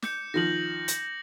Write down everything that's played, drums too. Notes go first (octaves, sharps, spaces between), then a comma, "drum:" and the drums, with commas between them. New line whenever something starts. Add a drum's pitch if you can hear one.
D6 G6 C#7, drum: snare
D#3 F3 A#6 F#7
drum: hi-hat